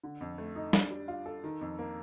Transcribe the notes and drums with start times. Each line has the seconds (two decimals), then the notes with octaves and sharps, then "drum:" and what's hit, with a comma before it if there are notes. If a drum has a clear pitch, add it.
0.03 D3
0.21 F2
0.38 A3
0.56 D#4
0.73 D4, drum: snare
0.91 G3
1.08 F4
1.26 A4
1.44 D#3
1.61 F2
1.79 A#3